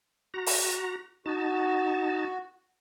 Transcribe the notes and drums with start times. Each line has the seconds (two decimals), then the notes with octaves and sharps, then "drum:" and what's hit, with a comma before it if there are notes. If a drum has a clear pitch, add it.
0.34 F#4 A#5
0.46 drum: open hi-hat
1.26 D#4 F#4 A5